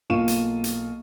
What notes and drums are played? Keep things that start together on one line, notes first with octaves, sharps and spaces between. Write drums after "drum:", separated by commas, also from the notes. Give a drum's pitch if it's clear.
B1 A#3 F4 C#6 D#7 E7
drum: hi-hat
drum: hi-hat